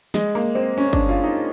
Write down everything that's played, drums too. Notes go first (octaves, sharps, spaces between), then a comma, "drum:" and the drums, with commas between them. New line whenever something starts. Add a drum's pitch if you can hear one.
G#3, drum: snare
A#3, drum: open hi-hat
C4
C#4
D4, drum: kick G1
F4
D#4